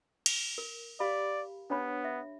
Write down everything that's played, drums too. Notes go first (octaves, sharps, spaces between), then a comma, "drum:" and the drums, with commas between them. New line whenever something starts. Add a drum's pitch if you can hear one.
drum: cymbal
A#4
G4 D5 F5 B5
B3 D4 C#5 B5
E5